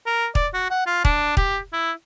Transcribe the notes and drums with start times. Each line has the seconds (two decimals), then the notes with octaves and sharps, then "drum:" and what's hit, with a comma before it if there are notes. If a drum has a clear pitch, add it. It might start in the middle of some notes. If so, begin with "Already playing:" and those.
0.06 A#4
0.35 D5, drum: kick
0.54 F#4
0.70 F#5
0.86 F4
1.05 D4, drum: kick
1.37 G4, drum: kick
1.73 E4